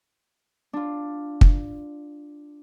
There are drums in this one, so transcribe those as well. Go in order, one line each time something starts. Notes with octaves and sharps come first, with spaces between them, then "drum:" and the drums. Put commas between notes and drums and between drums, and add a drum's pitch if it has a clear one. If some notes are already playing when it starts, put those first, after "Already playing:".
D4 F4
drum: kick